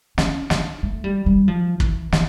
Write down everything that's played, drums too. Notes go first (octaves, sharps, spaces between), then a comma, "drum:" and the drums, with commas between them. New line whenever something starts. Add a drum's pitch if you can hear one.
C#4, drum: snare
D4, drum: snare
A3
G3
G3
F3
E3, drum: kick
E3, drum: snare